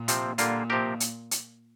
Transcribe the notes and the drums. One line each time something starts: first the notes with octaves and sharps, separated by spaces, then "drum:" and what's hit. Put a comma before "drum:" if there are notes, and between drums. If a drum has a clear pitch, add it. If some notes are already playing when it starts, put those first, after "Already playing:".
Already playing: A#2
C3 F3 C4, drum: hi-hat
A#2 D3 G3 A#3 F4, drum: hi-hat
C3 F3 C4 G4 A#4
drum: hi-hat
drum: hi-hat